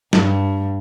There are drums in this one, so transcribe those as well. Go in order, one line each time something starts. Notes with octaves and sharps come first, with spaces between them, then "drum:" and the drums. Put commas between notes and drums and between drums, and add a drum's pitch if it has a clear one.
G2, drum: snare